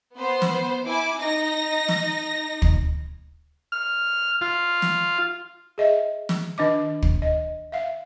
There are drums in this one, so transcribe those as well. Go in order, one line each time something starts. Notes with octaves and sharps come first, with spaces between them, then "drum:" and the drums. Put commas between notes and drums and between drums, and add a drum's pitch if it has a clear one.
B3 C5
drum: snare
E4 G#5 D6
D#4 A#6
drum: snare
drum: kick
F6
F4
drum: snare
G#4 D#5 E5
drum: snare
D#3 D4 D#5 D6
drum: kick
D#5
E5 F5